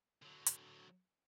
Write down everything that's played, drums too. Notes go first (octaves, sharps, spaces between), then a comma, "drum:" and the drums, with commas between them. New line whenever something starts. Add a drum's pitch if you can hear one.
D3 F#3
drum: hi-hat